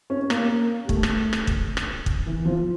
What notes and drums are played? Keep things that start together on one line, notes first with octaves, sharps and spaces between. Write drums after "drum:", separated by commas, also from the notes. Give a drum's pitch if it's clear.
C#4
A#3, drum: rim click
G3
A3, drum: kick
drum: rim click
drum: rim click
drum: kick
drum: rim click
drum: kick
E3
F3